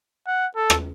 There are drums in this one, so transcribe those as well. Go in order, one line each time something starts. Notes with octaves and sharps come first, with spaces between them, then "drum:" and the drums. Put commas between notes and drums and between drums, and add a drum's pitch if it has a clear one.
F#5
A4
drum: rim click